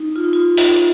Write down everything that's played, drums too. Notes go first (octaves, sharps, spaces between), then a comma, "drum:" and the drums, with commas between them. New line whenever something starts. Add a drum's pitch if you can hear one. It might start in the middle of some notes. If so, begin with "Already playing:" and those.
Already playing: D#4
F4
D#4
F4
D#4, drum: open hi-hat